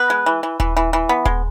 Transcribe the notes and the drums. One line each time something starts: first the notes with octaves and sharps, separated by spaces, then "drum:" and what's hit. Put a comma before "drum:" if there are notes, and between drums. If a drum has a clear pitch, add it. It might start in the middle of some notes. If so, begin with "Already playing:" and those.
Already playing: B3 B4
G#3
E3
E3
E3, drum: kick D#1
E3
E3
B3
G#3, drum: kick D#1